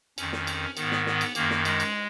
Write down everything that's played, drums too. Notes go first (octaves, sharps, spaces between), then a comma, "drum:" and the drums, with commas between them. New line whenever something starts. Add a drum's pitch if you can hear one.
F2 D#3 C#4, drum: cymbal
drum: snare
drum: cymbal
G#2 D#3 B3, drum: cymbal
drum: snare
B3, drum: snare
drum: cymbal
F#2 D#3 A#3, drum: cymbal
drum: snare
G#3, drum: cymbal
drum: cymbal